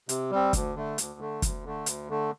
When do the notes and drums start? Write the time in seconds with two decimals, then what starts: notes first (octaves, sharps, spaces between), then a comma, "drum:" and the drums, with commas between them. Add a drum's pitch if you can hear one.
0.09 C3, drum: hi-hat
0.31 G3 C4
0.53 D2, drum: kick, hi-hat
0.75 D3 A3
0.98 D2, drum: hi-hat
1.20 D3 A3
1.42 D2, drum: kick, hi-hat
1.65 D3 A3
1.86 D2, drum: hi-hat
2.09 D3 A3